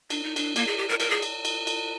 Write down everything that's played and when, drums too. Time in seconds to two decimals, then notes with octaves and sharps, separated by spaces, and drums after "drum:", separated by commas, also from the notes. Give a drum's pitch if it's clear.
0.10 D4, drum: cymbal
0.23 D#4
0.36 D4, drum: cymbal
0.56 A#3, drum: cymbal
0.67 G#4
0.78 G4
0.89 A#4
1.00 A#4, drum: cymbal
1.10 G#4
1.22 drum: cymbal
1.45 drum: cymbal
1.67 drum: cymbal